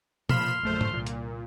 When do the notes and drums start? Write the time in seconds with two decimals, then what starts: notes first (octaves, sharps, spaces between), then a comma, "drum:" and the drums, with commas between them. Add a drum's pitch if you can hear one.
0.29 A#2 F3 B5 C6 F6 E7, drum: tom B2
0.63 A#1 F#2 D3 A3 C5
0.81 drum: tom G#2
0.93 C2 A#2
1.06 drum: hi-hat